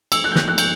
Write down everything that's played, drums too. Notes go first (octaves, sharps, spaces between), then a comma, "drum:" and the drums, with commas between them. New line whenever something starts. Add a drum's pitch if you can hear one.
E6, drum: cymbal
F#6
G6
F#6, drum: snare
F#6
G6, drum: cymbal